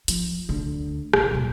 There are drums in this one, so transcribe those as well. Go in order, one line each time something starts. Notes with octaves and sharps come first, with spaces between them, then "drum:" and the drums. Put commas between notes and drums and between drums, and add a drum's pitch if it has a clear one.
F3, drum: hi-hat
D2 D3
A#1, drum: rim click
D#1 B2